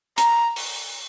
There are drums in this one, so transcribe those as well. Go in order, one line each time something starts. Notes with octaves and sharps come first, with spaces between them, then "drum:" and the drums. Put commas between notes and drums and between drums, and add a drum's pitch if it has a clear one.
A#5, drum: hi-hat
drum: open hi-hat